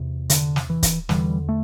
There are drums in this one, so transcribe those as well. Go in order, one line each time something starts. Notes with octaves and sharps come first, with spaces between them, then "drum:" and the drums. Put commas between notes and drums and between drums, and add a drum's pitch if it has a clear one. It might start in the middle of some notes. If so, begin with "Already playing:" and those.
Already playing: E2 C3
D3, drum: hi-hat
drum: snare
E3
drum: kick, hi-hat
E2 D3 E3 G3, drum: snare
A3